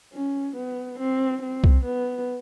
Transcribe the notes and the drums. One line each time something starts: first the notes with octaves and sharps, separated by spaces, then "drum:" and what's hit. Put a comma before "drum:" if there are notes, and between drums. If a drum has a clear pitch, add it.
C#4
B3
C4
C4
drum: kick C2
B3